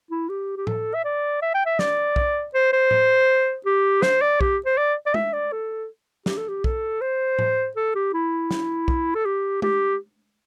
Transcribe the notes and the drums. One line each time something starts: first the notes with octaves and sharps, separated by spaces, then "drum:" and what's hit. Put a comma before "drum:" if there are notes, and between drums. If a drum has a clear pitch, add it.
E4
G4
G4
A4, drum: tom A2
E5
D5
E5
G5
E5
D5, drum: snare
drum: kick
C5
C5
drum: tom A2
G4
C5, drum: snare
D5
G4, drum: kick
C5
D5
D5
E5, drum: tom
D5
A4
G4, drum: snare
A4
G4
A4, drum: kick
C5
drum: tom A2
A4
G4
E4
drum: snare
drum: kick
A4
G4
G4, drum: tom